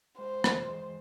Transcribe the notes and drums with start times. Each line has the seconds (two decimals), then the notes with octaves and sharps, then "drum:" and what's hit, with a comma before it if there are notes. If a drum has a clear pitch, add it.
0.18 G#3 C5
0.44 E3, drum: rim click
0.69 G#3